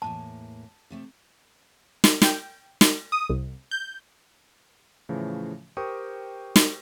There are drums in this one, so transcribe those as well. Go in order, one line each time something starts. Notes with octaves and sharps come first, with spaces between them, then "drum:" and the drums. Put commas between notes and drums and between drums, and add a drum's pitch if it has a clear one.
E2 A2 A#3 A5
C3 A3 C4
drum: snare
G5, drum: snare
drum: snare
D#6
C2
G6
A2 C#3 E3 F3 A3
G4 A#4 C5 G5 C#6 D#6
drum: snare